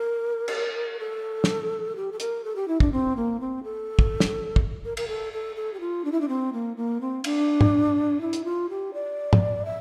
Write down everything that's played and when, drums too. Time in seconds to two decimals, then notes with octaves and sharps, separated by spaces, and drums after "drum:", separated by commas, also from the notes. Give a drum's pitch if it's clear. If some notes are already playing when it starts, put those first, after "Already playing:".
Already playing: A#4
0.48 drum: cymbal
0.99 A4
1.44 drum: snare
1.96 G4
2.12 A4
2.20 A#4, drum: hi-hat
2.44 A4
2.56 G4
2.68 E4
2.80 D4, drum: kick
2.92 C4
3.16 A#3
3.40 C4
3.63 A4
3.99 drum: kick
4.20 drum: snare
4.56 drum: kick
4.85 A#4
4.97 A#4, drum: cymbal
5.08 A4
5.33 A4
5.56 A4
5.73 G4
5.80 F4
6.05 D4
6.12 E4
6.21 D4
6.28 C4
6.53 A#3
6.77 A#3
7.01 C4
7.24 D4, drum: cymbal
7.61 drum: tom
8.21 E4
8.33 drum: hi-hat
8.44 F4
8.69 G4
8.94 D5
9.33 drum: tom
9.65 E5